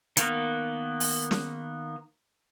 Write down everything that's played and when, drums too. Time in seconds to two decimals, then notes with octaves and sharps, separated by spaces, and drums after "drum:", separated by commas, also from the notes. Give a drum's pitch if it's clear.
0.17 D#3 A#3 B3, drum: hi-hat
1.00 drum: open hi-hat
1.31 drum: snare